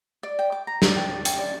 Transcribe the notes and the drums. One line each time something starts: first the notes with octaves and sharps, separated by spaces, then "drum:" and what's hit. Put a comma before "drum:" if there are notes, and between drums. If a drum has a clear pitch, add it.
D5
G5
D6
A#5
D5, drum: snare
G5
D5
G5, drum: hi-hat
D5